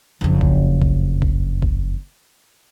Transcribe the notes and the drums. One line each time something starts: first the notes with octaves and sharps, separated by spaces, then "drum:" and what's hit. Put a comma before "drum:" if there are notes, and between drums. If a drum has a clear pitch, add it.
F#1 F2
drum: kick B1
drum: kick B1
drum: kick B1
drum: kick B1